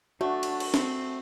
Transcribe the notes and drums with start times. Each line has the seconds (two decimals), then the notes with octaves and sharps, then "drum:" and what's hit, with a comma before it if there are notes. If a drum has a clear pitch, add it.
0.21 A3 D4 F#4 D5
0.43 drum: cymbal
0.60 drum: cymbal
0.74 C4, drum: snare